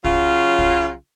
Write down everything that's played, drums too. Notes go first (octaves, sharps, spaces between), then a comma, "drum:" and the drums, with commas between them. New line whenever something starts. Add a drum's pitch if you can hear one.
C#3 F#3 F4, drum: kick
drum: kick